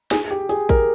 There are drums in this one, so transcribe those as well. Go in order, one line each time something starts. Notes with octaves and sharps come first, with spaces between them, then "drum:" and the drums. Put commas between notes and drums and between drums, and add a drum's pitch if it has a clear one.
G#4, drum: snare
G4
G#4, drum: hi-hat
A#4, drum: kick, hi-hat